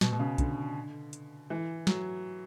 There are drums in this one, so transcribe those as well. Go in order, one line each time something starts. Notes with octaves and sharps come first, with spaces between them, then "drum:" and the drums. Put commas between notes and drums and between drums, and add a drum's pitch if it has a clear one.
B2, drum: snare
B2
C#3
D3, drum: kick, hi-hat
drum: hi-hat
E3
F#3, drum: snare